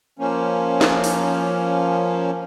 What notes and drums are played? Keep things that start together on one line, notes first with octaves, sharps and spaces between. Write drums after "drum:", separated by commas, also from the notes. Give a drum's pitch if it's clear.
F3 A#3 C#4
drum: snare
drum: open hi-hat